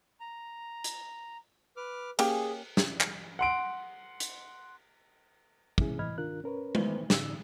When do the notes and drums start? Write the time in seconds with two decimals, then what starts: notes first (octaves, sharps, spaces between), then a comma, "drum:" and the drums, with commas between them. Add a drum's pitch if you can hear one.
0.20 A#5
0.84 drum: hi-hat
1.77 B4 D6 F6
2.19 A#3 C#4 G4 G#4, drum: cymbal
2.77 drum: snare
3.01 drum: clap
3.39 F#5 C6 D7
4.20 drum: hi-hat
5.78 B2 E3 G#3 C#4 E4 G#4, drum: kick
5.99 A2 E3 D#5 B5 F6 G#6
6.18 D#3 D4 F4 A#4 F#6
6.44 C#4 A#4 B4 C#5
6.75 D#3 E3 A3 B3 B4 C5, drum: tom G#3
7.10 A2 D3 D#4 E6, drum: snare